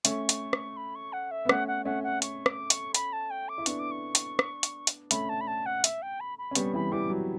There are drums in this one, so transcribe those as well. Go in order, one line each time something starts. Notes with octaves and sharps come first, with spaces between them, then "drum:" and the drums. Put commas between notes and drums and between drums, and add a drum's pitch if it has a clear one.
A3 C#4 C#6, drum: hi-hat
drum: hi-hat
drum: rim click
B5
C#6
F#5
E5
B3
A3 C#4 F#5, drum: rim click
F#5
A3 C#4 F#5
F#5
C#6, drum: hi-hat
D6, drum: rim click
C#6, drum: hi-hat
B5, drum: hi-hat
A5
G5
D6
E4
B3 D4 C#6, drum: hi-hat
D6
C#6
drum: hi-hat
drum: rim click
drum: hi-hat
drum: hi-hat
A3 C#4 B5, drum: hi-hat
A5
B5
A5
F#5
E5, drum: hi-hat
G5
B5
B5
C#4
G3 B3 C#6, drum: hi-hat
E3 G3 B5
E3 G3 D6
F#3